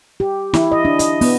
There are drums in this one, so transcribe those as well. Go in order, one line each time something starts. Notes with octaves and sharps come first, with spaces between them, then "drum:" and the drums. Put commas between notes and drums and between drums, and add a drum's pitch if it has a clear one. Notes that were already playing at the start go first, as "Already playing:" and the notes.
G4
E4, drum: snare
D#5
D4
D#5, drum: hi-hat
B3, drum: open hi-hat